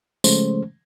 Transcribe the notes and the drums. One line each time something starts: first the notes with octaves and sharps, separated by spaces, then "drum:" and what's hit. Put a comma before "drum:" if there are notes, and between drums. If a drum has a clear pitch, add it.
C#3 F3 G#3 A3 C#4 C5, drum: tambourine